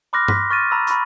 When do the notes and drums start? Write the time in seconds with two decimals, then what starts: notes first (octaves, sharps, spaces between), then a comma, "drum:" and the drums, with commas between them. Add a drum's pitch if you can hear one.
0.13 B5 C6 D6 F6 F#6 A#6
0.28 C6 B6, drum: tom G2
0.50 C#6 F6 A6 A#6 D#7
0.71 A#5 B5 E6
0.87 B5 C#6, drum: hi-hat